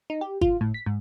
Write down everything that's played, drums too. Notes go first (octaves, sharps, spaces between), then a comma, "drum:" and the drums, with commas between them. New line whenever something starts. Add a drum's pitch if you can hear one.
D#4
G4
F4, drum: kick
A2
B6
G#2